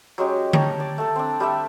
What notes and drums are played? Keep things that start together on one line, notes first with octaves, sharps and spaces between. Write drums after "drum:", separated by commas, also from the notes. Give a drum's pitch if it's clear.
F#3 G#3 C#4 G4
C#5 G5 A5 A#5, drum: tom D3
D5
A3 A4
C4 D4
G3 A3 G4 E5